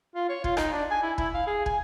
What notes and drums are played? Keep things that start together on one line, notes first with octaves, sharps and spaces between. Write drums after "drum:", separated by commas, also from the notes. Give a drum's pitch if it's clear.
F4
C#5
F4, drum: kick
D#4, drum: rim click
D4
G#5
E4
E4, drum: kick
F5
G#4
G#5, drum: kick